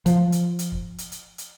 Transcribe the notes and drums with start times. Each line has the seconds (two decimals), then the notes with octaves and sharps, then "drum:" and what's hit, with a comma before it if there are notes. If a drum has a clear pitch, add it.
0.06 F3, drum: hi-hat
0.32 drum: hi-hat
0.59 drum: hi-hat
0.72 drum: kick
0.98 drum: hi-hat
1.12 drum: hi-hat
1.38 drum: hi-hat